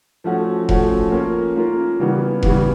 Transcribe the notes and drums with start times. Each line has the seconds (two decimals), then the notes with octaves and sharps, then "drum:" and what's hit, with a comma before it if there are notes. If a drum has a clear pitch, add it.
0.24 F3 A3 C#4 F#4
0.69 F3 A3 C#4 F#4, drum: kick F1
1.12 A#3 C#4 F4 A#4
1.56 A#3 C#4 F4 A#4
2.00 C#3 E3 G3 B3
2.43 C#3 E3 G3 B3, drum: kick F1